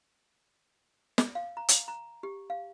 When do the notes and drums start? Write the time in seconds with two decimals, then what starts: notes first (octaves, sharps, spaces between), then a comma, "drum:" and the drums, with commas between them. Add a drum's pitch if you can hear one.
1.18 drum: snare
1.35 F5
1.57 A#5
1.68 drum: hi-hat
1.88 A#5
2.23 G4
2.50 F5